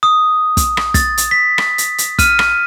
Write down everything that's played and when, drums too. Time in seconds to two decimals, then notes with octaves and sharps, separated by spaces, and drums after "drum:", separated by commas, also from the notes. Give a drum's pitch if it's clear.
0.03 D#6
0.57 drum: kick, hi-hat
0.77 drum: rim click
0.94 A6, drum: kick, hi-hat
1.18 drum: hi-hat
1.31 B6
1.58 drum: rim click
1.78 drum: hi-hat
1.98 drum: hi-hat
2.19 F6 D#7, drum: kick, hi-hat
2.39 drum: rim click